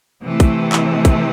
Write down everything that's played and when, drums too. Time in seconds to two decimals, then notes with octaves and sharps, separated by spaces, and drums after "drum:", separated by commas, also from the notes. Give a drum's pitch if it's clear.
0.24 C3 E3 A3
0.40 drum: kick, hi-hat
0.72 drum: clap
1.05 drum: kick, hi-hat